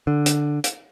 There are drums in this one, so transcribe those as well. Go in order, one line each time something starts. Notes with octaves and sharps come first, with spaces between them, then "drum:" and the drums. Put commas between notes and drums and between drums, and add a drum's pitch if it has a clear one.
D3
drum: hi-hat
drum: hi-hat